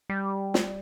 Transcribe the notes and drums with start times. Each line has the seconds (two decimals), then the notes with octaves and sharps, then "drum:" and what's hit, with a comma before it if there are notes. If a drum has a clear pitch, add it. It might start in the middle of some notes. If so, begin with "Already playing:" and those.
0.09 G3
0.54 drum: snare